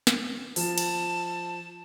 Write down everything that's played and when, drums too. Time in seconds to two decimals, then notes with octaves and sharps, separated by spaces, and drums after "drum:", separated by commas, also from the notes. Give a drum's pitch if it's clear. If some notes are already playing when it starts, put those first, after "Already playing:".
0.07 drum: snare
0.56 F3 A5, drum: open hi-hat
0.78 drum: cymbal